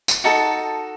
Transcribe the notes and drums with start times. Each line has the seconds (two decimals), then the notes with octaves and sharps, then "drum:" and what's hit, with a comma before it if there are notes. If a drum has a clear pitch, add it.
0.08 drum: tambourine
0.24 D#4 F#4 A4 A5